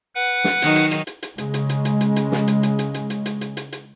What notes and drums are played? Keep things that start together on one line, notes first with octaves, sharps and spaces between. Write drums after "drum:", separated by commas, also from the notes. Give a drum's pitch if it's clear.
B4 F#5
drum: snare
D#3 F#3 D#4, drum: hi-hat
drum: hi-hat
drum: hi-hat
drum: hi-hat
drum: hi-hat
C#3 G#3, drum: hi-hat
drum: hi-hat
drum: hi-hat
drum: hi-hat
drum: hi-hat
drum: hi-hat
drum: snare
drum: hi-hat
drum: hi-hat
drum: hi-hat
drum: hi-hat
drum: hi-hat
drum: hi-hat
drum: hi-hat
drum: hi-hat
drum: hi-hat